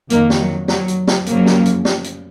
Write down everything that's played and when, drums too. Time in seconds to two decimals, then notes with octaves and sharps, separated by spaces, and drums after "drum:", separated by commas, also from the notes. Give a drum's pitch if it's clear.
0.10 F2 D#3 F#3 A#3, drum: hi-hat
0.30 drum: snare
0.39 F#3
0.68 F#3, drum: snare
0.88 drum: hi-hat
1.07 drum: snare
1.26 F#2 C#3 F3 F#3 A#3, drum: hi-hat
1.46 drum: snare
1.66 drum: hi-hat
1.85 drum: snare
2.04 drum: hi-hat